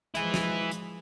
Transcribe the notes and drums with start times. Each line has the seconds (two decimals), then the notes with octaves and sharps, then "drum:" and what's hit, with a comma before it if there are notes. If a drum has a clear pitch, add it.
0.15 E3 F3 G#3 E4, drum: hi-hat
0.34 drum: snare
0.71 drum: hi-hat